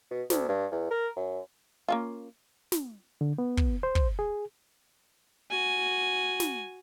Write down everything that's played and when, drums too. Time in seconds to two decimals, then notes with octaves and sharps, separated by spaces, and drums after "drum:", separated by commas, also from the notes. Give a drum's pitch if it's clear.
0.11 B2
0.30 D2, drum: snare
0.49 G2
0.72 E2
0.91 A#4
1.16 F#2
1.88 A#3 C#4 F4
2.72 drum: snare
3.21 D3
3.38 B3
3.57 drum: kick
3.83 C5
3.95 drum: kick
4.19 G#4
5.51 F#4 G#5
6.40 drum: snare